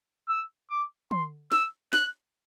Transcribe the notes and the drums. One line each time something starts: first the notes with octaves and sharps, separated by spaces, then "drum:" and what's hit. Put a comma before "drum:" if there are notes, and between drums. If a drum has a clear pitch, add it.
E6
D6
C6, drum: tom
E6, drum: snare
F#6, drum: snare